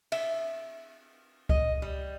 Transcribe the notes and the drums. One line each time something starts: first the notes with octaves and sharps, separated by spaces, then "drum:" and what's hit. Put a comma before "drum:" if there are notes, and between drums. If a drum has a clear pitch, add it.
E5, drum: cymbal
D#5, drum: kick C#2
G3